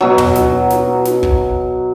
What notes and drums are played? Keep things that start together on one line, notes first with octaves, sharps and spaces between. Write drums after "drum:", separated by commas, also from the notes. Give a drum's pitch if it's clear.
B2 F#3
drum: tom
drum: snare
drum: snare
drum: snare
drum: kick